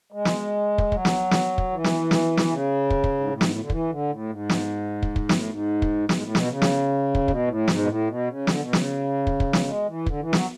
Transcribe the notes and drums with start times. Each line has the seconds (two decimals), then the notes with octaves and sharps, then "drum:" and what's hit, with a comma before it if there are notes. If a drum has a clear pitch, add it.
0.12 G#3
0.25 drum: snare
0.78 drum: kick
0.92 F#3, drum: kick
1.05 drum: snare
1.31 drum: snare
1.58 drum: kick
1.71 E3
1.84 drum: snare
2.11 drum: snare
2.37 drum: snare
2.50 C#3
2.90 drum: kick
3.04 drum: kick
3.20 G#2
3.30 A2
3.41 G#2, drum: snare
3.50 A2
3.60 D3
3.70 E3, drum: kick
3.90 D3
4.10 A2
4.30 G#2
4.49 drum: snare
5.03 drum: kick
5.16 drum: kick
5.29 A2, drum: snare
5.49 G#2
5.82 drum: kick
6.09 G#2, drum: snare
6.22 A2
6.35 B2, drum: snare
6.48 C#3
6.62 drum: snare
7.15 drum: kick
7.28 B2, drum: kick
7.47 A2
7.68 G#2, drum: snare
7.78 B2
7.87 A2
8.08 B2
8.28 C#3
8.47 D3, drum: snare
8.60 B2
8.73 C#3, drum: snare
9.27 drum: kick
9.40 drum: kick
9.53 drum: snare
9.66 G#3
9.86 E3
10.06 D3, drum: kick
10.20 E3
10.33 F#3, drum: snare